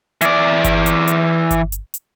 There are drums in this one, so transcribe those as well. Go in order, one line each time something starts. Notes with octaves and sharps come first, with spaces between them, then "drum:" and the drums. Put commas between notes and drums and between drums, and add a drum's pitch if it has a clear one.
E3 D5, drum: hi-hat
drum: kick G1, hi-hat
drum: hi-hat
drum: hi-hat
drum: kick G1, hi-hat
drum: hi-hat
drum: hi-hat